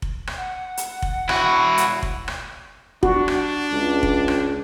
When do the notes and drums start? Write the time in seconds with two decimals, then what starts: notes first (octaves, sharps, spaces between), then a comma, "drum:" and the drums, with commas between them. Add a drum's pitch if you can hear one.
0.02 drum: kick F1
0.27 drum: rim click
0.37 F#5
0.77 drum: hi-hat
1.02 drum: kick F1
1.29 E4 F#4, drum: rim click
1.78 drum: hi-hat
2.03 drum: kick F1
2.28 drum: rim click
3.03 D4 F#4, drum: kick F1
3.28 drum: rim click
3.72 C#2
4.03 drum: kick F1
4.28 drum: rim click